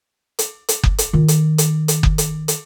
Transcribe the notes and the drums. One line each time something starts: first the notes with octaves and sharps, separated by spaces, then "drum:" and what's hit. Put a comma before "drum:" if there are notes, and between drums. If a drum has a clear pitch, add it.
drum: hi-hat
drum: hi-hat
drum: kick F#1
drum: hi-hat
D#3 F4
drum: hi-hat
drum: hi-hat
drum: hi-hat
drum: kick F#1
drum: hi-hat
drum: hi-hat